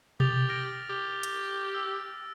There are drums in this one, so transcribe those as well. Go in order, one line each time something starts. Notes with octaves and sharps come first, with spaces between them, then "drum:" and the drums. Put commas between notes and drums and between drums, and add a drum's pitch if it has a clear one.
G4 D#6 A6 F7, drum: tom B2
F6 A#6 D7
G4
drum: hi-hat
E6